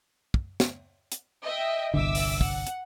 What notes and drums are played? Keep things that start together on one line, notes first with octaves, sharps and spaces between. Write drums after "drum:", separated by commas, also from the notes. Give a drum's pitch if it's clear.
drum: kick
drum: snare
drum: hi-hat
D#5 E5 G5
G1 C2 D3 E5 D6 E6
drum: open hi-hat
F#5, drum: kick
drum: hi-hat